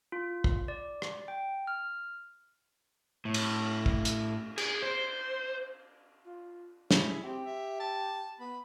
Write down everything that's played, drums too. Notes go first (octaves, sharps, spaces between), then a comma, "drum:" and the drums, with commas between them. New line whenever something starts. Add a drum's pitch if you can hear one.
F4
drum: kick
D5
drum: rim click
G5
F6
A2
drum: cymbal
drum: kick
drum: hi-hat
G#4, drum: cymbal
C5
F4
E4 G#4, drum: snare
C4 G4
E5
A5
B3 B5